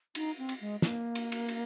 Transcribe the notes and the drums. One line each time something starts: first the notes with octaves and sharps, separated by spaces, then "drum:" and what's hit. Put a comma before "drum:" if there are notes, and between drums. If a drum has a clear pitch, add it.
D#4, drum: cymbal
C4
drum: cymbal
G#3
A#3, drum: snare
drum: cymbal
drum: cymbal
drum: cymbal